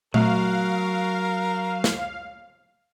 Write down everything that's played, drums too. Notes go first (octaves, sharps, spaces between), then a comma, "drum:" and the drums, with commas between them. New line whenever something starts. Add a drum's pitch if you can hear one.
F#3 A3 A#4 F5, drum: tom A#2
drum: snare